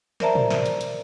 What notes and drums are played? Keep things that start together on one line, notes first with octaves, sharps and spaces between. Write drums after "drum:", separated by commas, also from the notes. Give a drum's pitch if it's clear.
A#4 C5 D5 E5 A5 A#5, drum: snare
drum: tom
drum: snare
drum: hi-hat
drum: hi-hat